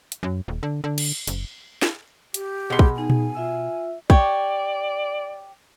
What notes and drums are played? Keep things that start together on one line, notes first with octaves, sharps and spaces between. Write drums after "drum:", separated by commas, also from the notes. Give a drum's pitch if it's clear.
drum: hi-hat
F#2
D#1
D3
D3
drum: cymbal
F#1, drum: hi-hat
drum: snare
G4, drum: hi-hat
B2 G#4 B5 C6
drum: kick
B3 D#4 G#4 G#5
drum: tom A#2
F4 E5 E6
G4 C#5 D5, drum: kick